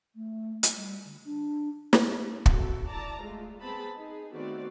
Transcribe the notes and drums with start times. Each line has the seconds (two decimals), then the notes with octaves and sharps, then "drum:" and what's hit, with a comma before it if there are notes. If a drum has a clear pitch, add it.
0.15 A3
0.63 drum: hi-hat
0.75 G3
1.04 D3
1.24 D4
1.93 drum: snare
2.46 C4 F#4 A4, drum: kick
2.88 E4 D5 A5 A#5
3.20 G#3 A3 F4
3.61 B3 C4 G#4 A5 B5
3.96 D#4 G#4
4.33 D#3 A3 B3 C4 F#4 D5